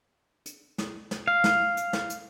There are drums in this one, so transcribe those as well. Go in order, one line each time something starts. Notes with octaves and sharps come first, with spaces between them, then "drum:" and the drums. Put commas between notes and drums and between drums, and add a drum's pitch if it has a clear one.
drum: hi-hat
drum: snare
drum: snare
F5
drum: snare
drum: hi-hat
drum: snare
drum: hi-hat